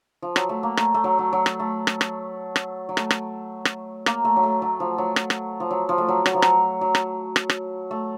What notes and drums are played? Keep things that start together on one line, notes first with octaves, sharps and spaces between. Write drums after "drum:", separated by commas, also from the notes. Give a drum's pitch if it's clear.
F3
F#3, drum: rim click
A3
A#3
A3, drum: rim click
A3
F#3
F#3
F#3
drum: rim click
A3
drum: rim click
drum: rim click
drum: rim click
F#3
A3, drum: rim click
drum: rim click
drum: rim click
A#3, drum: rim click
A3
F#3
A3
F#3
F3
F#3
drum: rim click
drum: rim click
F3
F#3
F3
A3
F#3
F#3, drum: rim click
F3
F#3, drum: rim click
F#3
drum: rim click
drum: rim click
drum: rim click
A3